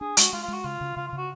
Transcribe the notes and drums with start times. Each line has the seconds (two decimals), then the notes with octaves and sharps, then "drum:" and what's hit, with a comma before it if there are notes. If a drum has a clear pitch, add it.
0.01 D4 G#4
0.17 G#3 F#4, drum: hi-hat
0.33 G#3 F4
0.43 F4
0.48 G#3
0.54 F#4
0.64 C#3 F4
0.81 C#3
0.96 C#3 F4
1.08 F4
1.13 C#3
1.18 F#4